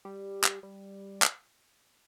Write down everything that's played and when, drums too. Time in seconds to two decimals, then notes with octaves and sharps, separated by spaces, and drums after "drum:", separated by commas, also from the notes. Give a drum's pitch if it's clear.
0.05 G3
0.44 drum: clap
0.63 G3
1.22 drum: clap